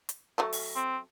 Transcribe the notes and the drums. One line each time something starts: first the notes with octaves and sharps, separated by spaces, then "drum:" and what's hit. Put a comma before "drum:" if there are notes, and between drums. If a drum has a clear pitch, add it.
drum: hi-hat
F#3 A3 A5
drum: open hi-hat
C4